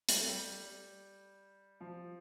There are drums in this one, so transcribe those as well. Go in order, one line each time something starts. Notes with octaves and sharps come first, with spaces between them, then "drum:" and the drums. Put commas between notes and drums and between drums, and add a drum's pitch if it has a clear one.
G3, drum: hi-hat
A3
G3
F3